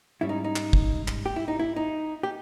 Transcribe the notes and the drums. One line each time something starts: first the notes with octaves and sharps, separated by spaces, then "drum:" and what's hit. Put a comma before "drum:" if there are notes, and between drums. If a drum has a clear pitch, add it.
G#2 G3 C#4 E4
D#4
D#4
drum: clap
drum: kick
drum: clap
G4
E4
D#4
E4
D#4
G4